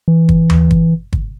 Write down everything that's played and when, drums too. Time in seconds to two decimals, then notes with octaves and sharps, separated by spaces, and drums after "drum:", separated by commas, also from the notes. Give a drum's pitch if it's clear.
0.08 E3
0.29 drum: kick G1
0.50 drum: tom D#2
0.71 drum: kick G1
1.13 drum: kick G1